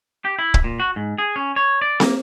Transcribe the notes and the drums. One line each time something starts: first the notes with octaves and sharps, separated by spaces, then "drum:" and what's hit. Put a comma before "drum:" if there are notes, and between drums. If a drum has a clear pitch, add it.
G4
E4
drum: kick
A#2
F#4
G#2
G#4
C#4
C#5
D5
A#3, drum: snare